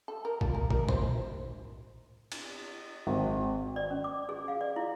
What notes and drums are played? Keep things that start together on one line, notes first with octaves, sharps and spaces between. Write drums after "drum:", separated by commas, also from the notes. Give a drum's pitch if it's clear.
A4
A#4
F4, drum: kick A1
A#4
A#4, drum: kick A1
C5, drum: tom A2
drum: cymbal
G#1
D5
C#4
D6
G#4
F5
D5
E4